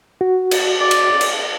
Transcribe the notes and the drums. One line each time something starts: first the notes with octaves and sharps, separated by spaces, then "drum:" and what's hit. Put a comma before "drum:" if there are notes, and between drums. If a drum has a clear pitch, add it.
F#4
drum: cymbal
D5
drum: cymbal
drum: cymbal